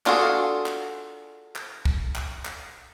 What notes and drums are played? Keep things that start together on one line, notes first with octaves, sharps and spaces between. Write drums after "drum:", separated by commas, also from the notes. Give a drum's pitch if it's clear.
D4 F4 F#4 G#4 A4, drum: clap
drum: clap
drum: clap
drum: kick
drum: clap
drum: clap